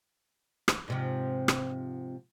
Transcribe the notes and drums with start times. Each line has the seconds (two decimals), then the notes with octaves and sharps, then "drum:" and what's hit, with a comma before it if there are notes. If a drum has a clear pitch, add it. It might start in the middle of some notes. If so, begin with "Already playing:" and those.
0.68 drum: rim click
0.88 G#2 C3 F3
1.48 drum: rim click